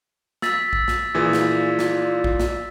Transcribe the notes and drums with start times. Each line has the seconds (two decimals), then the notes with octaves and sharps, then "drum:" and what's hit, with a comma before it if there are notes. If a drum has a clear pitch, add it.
0.42 E6 A6 B6, drum: snare
0.73 drum: kick A#1
0.88 drum: snare
1.14 A#2 E3 F4 G#4 D5
1.33 drum: snare
1.79 drum: snare
2.24 drum: kick A#1
2.39 drum: snare